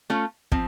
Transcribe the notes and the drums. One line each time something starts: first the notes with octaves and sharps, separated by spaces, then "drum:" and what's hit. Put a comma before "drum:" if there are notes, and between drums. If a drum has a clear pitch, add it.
A3 C#4 F4
F3 C4, drum: kick